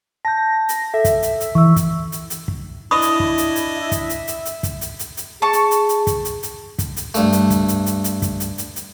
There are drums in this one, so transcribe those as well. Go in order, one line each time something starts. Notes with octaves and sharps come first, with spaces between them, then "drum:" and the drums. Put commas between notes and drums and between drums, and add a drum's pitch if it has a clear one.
A5 G6 A#6
drum: hi-hat
A4 E5
drum: kick, hi-hat
drum: hi-hat
drum: hi-hat
E3 C#6 E6
drum: kick, hi-hat
drum: hi-hat
drum: hi-hat
drum: kick
D4 E4 D#5 B5 C#6 D#6
drum: hi-hat
drum: kick
drum: hi-hat
drum: hi-hat
E5
drum: kick, hi-hat
drum: hi-hat
drum: hi-hat
drum: hi-hat
drum: kick, hi-hat
drum: hi-hat
drum: hi-hat
drum: hi-hat
G#4 A5 C#6
drum: hi-hat
drum: hi-hat
drum: hi-hat
drum: kick, hi-hat
drum: hi-hat
drum: hi-hat
drum: kick, hi-hat
drum: hi-hat
G2 A3, drum: hi-hat
drum: hi-hat
drum: kick, hi-hat
drum: hi-hat
drum: hi-hat
drum: hi-hat
drum: kick, hi-hat
drum: hi-hat
drum: hi-hat
drum: hi-hat